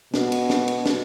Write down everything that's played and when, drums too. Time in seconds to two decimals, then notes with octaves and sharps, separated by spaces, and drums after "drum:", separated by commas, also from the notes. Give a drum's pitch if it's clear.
0.14 B2, drum: snare
0.32 drum: cymbal
0.50 drum: snare
0.68 drum: cymbal
0.86 drum: snare